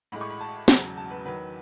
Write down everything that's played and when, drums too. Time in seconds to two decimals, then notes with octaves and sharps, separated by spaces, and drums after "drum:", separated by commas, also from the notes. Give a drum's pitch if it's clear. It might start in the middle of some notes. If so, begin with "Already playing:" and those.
0.12 A1 A2 G#3 B5
0.21 C#6
0.30 B5
0.41 A5
0.68 E1 E2 C#3 F#3, drum: snare
0.97 A5
1.11 B4
1.25 E2 D#3 F#3 B4